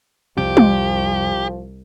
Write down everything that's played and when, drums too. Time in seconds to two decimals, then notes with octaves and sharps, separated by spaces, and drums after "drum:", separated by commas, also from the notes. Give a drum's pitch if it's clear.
0.37 C2 F2 C3 F3 G3 G4
0.57 drum: tom G3